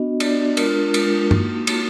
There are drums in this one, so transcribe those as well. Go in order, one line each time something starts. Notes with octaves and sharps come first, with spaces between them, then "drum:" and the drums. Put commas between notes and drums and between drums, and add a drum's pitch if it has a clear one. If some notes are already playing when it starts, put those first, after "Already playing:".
Already playing: B3 D4 F#4 D#5
B3 D4 F#4 D5, drum: cymbal
G#3 D4 F4 A#4, drum: cymbal
G#3 D4 F4, drum: cymbal
A#3 D#4 F#4, drum: tom
A#3 D#4 F#4, drum: cymbal